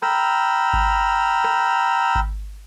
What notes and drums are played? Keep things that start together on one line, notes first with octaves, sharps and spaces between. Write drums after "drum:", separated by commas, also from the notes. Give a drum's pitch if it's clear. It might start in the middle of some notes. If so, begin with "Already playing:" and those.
G5 A#5 B5 E6 F6, drum: rim click
drum: kick G#1
drum: rim click
drum: kick G#1